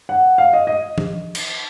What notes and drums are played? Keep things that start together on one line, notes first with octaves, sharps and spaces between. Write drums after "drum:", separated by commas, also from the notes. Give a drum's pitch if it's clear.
F#5
F5
D#5
D#5
drum: tom
drum: cymbal